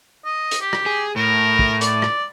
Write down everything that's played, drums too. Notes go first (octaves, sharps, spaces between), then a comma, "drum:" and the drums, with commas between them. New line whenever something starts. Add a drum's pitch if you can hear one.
D#5
drum: hi-hat
G4
drum: rim click
G#4
A2 A#4
drum: kick
D5, drum: hi-hat
drum: rim click